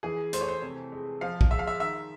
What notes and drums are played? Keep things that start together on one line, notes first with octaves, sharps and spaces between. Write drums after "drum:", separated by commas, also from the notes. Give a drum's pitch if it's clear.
E3 G#4
A3 C5, drum: hi-hat
C#5
C5
C3
G#3
F3 F5
drum: kick
G#3 E5
F5
E5
D#3 E5